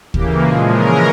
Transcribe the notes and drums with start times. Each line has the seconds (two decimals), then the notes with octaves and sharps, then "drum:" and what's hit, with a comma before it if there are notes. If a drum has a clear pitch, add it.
0.14 C#3 E3 A#3 G4, drum: kick
0.43 A#2 F3 G#3 G#4
0.71 C#3 E3 G#3 C#4 A#4